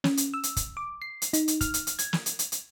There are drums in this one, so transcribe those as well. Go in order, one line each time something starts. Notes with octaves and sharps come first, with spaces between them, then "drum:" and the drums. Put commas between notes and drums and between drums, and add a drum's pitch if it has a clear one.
C#4, drum: snare
drum: hi-hat
E6
drum: hi-hat
drum: kick, hi-hat
D6
C7
drum: hi-hat
D#4, drum: hi-hat
drum: hi-hat
F6, drum: kick, hi-hat
drum: hi-hat
drum: hi-hat
G#6, drum: hi-hat
drum: snare
drum: hi-hat
drum: hi-hat
drum: hi-hat